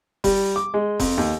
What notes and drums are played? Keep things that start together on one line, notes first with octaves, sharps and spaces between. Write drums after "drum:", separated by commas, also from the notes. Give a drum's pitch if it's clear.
G3, drum: kick F1, open hi-hat
D6
G#3
F2, drum: kick F1, open hi-hat
D#2